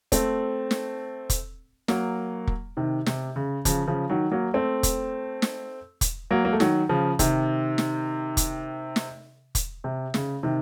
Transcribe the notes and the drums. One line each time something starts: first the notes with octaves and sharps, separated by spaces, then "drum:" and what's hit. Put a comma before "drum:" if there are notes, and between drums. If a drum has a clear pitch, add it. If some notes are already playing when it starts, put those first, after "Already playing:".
A3 C4, drum: kick, hi-hat
drum: snare
drum: kick, hi-hat
F#3 A#3, drum: snare
drum: kick
C3 D#3
C3, drum: snare
C#3
C#3 F3, drum: kick, hi-hat
C#3 F3
D#3 F#3
F#3 A#3
A3 C4
drum: kick, hi-hat
drum: snare
drum: kick, hi-hat
F#3 A#3
A#3
A3
D#3 F#3, drum: snare
C#3 F3
C3 D#3, drum: kick, hi-hat
drum: snare
drum: kick, hi-hat
drum: snare
drum: kick, hi-hat
C3
C#3, drum: snare
C3 D#3